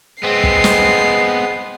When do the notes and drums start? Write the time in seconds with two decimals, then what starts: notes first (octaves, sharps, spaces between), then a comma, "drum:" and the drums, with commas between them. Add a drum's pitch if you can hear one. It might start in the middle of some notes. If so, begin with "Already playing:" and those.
0.23 G#3 B3 C4 C7
0.44 drum: kick
0.64 drum: snare